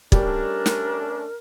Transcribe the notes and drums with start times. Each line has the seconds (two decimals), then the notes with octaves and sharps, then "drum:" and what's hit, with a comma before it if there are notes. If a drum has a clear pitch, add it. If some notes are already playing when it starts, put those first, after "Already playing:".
0.12 G3 A3 C#4 D4 A#4, drum: kick
0.66 drum: snare